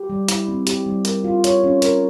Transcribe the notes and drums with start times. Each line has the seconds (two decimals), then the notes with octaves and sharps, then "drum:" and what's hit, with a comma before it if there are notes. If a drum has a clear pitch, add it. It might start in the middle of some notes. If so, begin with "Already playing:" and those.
Already playing: G4
0.10 G3
0.28 E4, drum: hi-hat
0.48 C4
0.67 G4, drum: hi-hat
0.86 G3
1.05 A#4, drum: hi-hat
1.24 F4
1.44 C#5, drum: hi-hat
1.64 C#4
1.82 A#4, drum: hi-hat